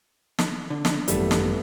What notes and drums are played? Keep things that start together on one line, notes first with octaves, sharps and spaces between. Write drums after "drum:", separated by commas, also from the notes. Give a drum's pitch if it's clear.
drum: snare
D3
drum: snare
G#1 F#2 E3 G3 A3 B3, drum: hi-hat
drum: snare